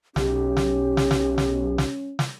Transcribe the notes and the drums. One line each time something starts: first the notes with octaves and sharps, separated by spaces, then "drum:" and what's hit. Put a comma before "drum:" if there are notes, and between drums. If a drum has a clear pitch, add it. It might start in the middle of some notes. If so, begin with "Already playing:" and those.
B1 C#4 G4, drum: snare
drum: snare
drum: snare
drum: snare
drum: snare
drum: snare
drum: snare